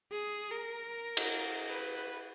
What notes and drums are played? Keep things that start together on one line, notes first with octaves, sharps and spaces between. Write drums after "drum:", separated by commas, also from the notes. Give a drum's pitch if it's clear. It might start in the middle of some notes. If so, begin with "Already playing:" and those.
G#4
A#4
drum: cymbal
B4